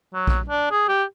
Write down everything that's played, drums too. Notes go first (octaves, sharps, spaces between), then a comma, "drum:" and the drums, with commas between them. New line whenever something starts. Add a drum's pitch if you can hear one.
F#3
drum: kick A#1
D4
G#4
G4